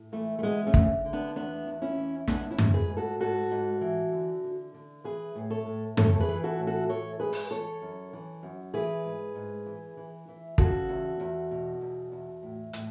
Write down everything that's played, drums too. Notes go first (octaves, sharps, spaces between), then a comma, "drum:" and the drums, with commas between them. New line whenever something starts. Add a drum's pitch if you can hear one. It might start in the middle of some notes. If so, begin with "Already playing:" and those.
Already playing: A2
E3 A3
A3
D3 G#3 B3
A3 C#4
D3, drum: kick
D3
B3 D4
E2 B3 D4
E2
C#4 E4
E3
G#2 B3 D4, drum: snare
C#4 E4
G#2, drum: tom F#2
G#4 B4
G#2
F#4 A4
G#2 F#4 A4
G#2
E3
D3
D3
D3
E3 G#4 B4
A2
A4 C#5
A2
E3 A4 C#5, drum: tom F#2
G#4 B4
E3
F#4 A4
A2
F#4 A4
E3 A4 C#5
G#2 G#4 B4
drum: open hi-hat
E3 A4 C#5
F#2
E3
F#2
E3 G#4 B4
G#2
G#2
E3
E3
E3
C#3 F#4 A4, drum: kick
E2
E2
B2
E2
E2
A2
A2, drum: hi-hat